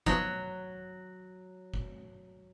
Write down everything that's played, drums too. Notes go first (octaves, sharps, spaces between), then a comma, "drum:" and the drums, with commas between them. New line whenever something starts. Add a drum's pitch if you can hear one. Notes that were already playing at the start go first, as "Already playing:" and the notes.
B2 F3 F#3 D#4, drum: kick
drum: kick